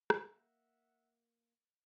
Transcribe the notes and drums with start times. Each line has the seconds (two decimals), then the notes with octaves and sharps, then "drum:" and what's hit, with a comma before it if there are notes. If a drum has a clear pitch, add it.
0.10 A#3 E5 F#5, drum: rim click